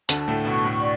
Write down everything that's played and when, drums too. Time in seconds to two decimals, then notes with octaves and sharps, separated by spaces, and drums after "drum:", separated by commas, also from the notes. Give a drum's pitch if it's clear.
0.09 D2 D3 A5, drum: hi-hat
0.28 A2 A3
0.45 B2 B3 C#6
0.64 A2 A3
0.81 D5